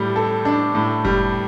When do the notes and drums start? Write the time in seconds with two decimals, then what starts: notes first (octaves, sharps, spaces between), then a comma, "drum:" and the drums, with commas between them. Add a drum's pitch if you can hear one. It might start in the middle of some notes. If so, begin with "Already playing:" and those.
Already playing: A2 G3
0.16 A4
0.45 D4
0.75 A2
1.05 G3, drum: kick F1